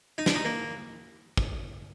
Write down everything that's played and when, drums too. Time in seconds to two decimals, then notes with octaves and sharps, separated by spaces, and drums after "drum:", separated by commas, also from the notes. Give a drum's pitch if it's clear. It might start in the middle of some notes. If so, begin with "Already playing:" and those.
0.18 D#4
0.26 D4, drum: snare
0.34 D#4
0.45 A#3
1.37 drum: kick